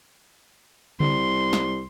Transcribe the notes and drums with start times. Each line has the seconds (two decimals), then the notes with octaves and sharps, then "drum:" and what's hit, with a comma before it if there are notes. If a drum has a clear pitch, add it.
1.00 C2 C6, drum: tom C#3
1.53 drum: snare